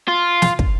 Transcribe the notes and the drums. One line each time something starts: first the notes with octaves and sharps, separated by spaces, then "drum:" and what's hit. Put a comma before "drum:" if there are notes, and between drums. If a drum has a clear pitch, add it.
F4
drum: snare
drum: kick